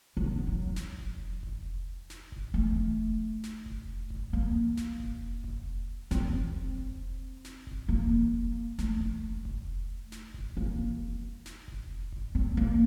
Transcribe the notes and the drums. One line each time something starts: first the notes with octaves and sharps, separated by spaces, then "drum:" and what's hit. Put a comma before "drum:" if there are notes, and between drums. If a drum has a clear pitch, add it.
D3
F#3
drum: snare
drum: kick F1
drum: kick F1
drum: snare
drum: kick F1
A3
drum: kick F1
drum: snare
drum: kick F1
drum: kick F1
A#3
drum: snare
drum: kick F1
drum: kick F1
C4, drum: snare
drum: kick F1
drum: kick F1
drum: snare
drum: kick F1
A#3
drum: kick F1
A3, drum: snare
drum: kick F1
drum: kick F1
drum: snare
drum: kick F1
A#3
drum: kick F1
drum: snare
drum: kick F1
drum: kick F1
C4
A#3